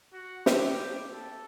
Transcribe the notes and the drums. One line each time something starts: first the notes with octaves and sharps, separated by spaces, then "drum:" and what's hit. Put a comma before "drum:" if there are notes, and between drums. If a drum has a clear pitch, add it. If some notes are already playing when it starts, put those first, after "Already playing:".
F#4
G4, drum: snare
A4